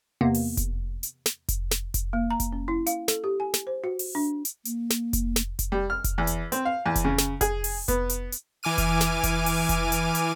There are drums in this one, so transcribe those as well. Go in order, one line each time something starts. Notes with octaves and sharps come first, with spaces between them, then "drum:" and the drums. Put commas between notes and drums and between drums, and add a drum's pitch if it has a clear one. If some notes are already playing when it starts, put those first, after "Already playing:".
E2 C3 A#3 B3
drum: open hi-hat
drum: kick F1, hi-hat
drum: hi-hat
drum: snare
drum: kick F1, hi-hat
drum: snare
drum: kick F1, hi-hat
A#3
A#5
drum: kick F1, hi-hat
C#4
E4
F5, drum: hi-hat
A4, drum: snare
G4
G#5
drum: snare
C5
F#4
drum: open hi-hat
D4
drum: hi-hat
A#3, drum: hi-hat
drum: snare
drum: kick F1, hi-hat
drum: snare
drum: kick F1, hi-hat
G3
F6
drum: kick F1, hi-hat
E2
drum: hi-hat
C4, drum: hi-hat
F5
E2
drum: kick F1, hi-hat
C#3
drum: snare
G#4, drum: kick F1, hi-hat
drum: open hi-hat
B3, drum: kick F1, hi-hat
drum: hi-hat
drum: hi-hat
E3 G#5 D6 F6 D#7
drum: kick F1, hi-hat
drum: snare
drum: kick F1, hi-hat
drum: open hi-hat
drum: kick F1, hi-hat
drum: hi-hat
drum: hi-hat